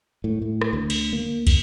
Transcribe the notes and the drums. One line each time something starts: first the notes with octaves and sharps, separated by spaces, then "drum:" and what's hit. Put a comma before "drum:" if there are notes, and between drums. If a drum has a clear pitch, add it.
A2
A2
drum: rim click
D2
drum: cymbal
A#3
F2, drum: kick, cymbal